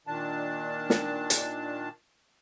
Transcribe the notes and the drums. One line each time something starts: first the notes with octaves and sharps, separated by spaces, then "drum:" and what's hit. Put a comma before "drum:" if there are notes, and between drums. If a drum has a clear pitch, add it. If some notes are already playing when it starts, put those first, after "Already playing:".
A#2 D#3 D4 A5
drum: snare
drum: hi-hat